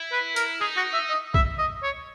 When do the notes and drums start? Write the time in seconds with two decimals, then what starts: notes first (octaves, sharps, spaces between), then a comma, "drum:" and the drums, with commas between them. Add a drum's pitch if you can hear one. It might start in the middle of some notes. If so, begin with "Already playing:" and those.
Already playing: E4
0.12 B4
0.36 A#4, drum: hi-hat
0.61 D#4 G#4
0.77 F#4
0.93 E5
1.10 D#5
1.34 E5, drum: kick B1
1.59 D#5
1.83 C#5